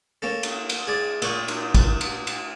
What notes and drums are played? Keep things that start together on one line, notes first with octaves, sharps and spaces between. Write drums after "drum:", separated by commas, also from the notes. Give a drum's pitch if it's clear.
A#3 C#4 A4
drum: cymbal
drum: cymbal
G#4 D5
A#2 C#6 D#6, drum: cymbal
drum: cymbal
drum: kick, cymbal
drum: cymbal
drum: cymbal